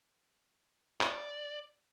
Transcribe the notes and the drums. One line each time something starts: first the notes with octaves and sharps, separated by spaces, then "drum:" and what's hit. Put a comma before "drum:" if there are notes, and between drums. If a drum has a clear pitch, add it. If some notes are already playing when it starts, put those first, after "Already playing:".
D5, drum: clap